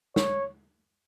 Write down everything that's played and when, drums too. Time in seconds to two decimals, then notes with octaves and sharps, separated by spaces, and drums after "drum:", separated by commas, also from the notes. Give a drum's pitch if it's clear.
0.16 C#5, drum: snare